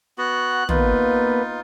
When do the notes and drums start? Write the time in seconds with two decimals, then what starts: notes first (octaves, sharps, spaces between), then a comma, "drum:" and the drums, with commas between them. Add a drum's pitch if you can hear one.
0.18 B3 F#4 F#6
0.69 A#3 B3 D#4 F4 B4, drum: tom